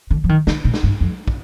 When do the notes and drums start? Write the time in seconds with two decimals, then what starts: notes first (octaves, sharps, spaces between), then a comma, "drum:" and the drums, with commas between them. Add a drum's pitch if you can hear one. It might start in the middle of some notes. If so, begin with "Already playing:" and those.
0.10 D3
0.24 F3
0.29 D#3
0.47 D3, drum: snare
0.65 A#2
0.74 drum: snare
0.83 G2
1.01 F2
1.28 drum: kick